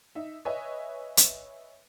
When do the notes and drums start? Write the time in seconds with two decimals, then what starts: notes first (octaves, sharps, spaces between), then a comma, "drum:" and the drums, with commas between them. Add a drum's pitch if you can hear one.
0.15 D#4 E5
0.45 B4 C#5 D#5 E5 G#5
1.17 drum: hi-hat